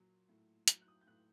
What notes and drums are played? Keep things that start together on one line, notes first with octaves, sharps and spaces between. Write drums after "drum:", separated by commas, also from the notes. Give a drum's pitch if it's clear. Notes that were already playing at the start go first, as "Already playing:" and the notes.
Already playing: A#2 F#3
A2
F#3 G6, drum: hi-hat
F#6
D#6
G6
A2 F#6